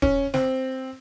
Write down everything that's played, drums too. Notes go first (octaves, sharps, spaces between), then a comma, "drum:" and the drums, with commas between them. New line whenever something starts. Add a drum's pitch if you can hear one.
C#4, drum: kick D#1
C4, drum: snare